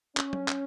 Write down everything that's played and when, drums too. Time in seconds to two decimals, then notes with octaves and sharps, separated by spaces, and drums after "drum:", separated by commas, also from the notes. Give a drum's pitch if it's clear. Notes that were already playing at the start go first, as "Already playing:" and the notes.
0.17 C#4, drum: clap
0.33 drum: tom F#3
0.48 drum: clap